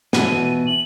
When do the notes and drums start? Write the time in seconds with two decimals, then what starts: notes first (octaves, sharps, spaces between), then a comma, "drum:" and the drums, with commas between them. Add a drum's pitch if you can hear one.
0.13 B2 E3 D#7, drum: snare
0.67 F#7